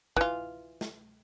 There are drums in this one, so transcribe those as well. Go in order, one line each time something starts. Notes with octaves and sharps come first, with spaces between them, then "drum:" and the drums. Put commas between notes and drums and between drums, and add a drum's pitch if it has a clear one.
E3 F4, drum: kick
drum: snare